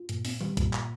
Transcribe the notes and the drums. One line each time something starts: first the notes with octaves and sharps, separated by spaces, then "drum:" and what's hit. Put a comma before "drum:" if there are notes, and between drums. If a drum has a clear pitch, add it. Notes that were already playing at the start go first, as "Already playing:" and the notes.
Already playing: F4
A#2, drum: hi-hat
C4, drum: open hi-hat
G3, drum: tom D#3
A#2, drum: kick, hi-hat
drum: clap